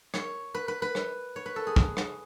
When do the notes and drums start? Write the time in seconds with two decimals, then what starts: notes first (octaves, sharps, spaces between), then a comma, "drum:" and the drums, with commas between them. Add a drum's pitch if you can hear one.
0.14 C#5, drum: rim click
0.54 B4
0.68 B4
0.82 B4
0.95 drum: rim click
1.36 C#5
1.46 B4
1.56 A4
1.67 G#4
1.76 drum: kick
1.97 drum: rim click